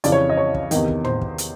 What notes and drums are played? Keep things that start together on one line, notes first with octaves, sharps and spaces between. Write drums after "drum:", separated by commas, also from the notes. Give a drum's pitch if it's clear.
F2 C#3 E3 D5, drum: hi-hat
C#5
D#5
C#5
drum: kick
E2 C3 D#3, drum: hi-hat
drum: kick
C5, drum: tom
drum: kick
drum: hi-hat